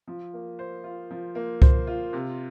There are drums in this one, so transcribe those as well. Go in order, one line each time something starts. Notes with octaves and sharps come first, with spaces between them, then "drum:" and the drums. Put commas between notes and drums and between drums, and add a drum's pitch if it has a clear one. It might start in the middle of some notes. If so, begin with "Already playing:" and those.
F3
A#3
C5
F4
F3
A#3
C5, drum: kick C2
F4
C3